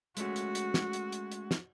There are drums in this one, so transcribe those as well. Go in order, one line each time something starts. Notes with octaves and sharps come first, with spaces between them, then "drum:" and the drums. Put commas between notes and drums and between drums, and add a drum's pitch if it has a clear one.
G#3 A3 C#4 F#4, drum: hi-hat
drum: hi-hat
drum: hi-hat
drum: snare
drum: hi-hat
drum: hi-hat
drum: hi-hat
drum: snare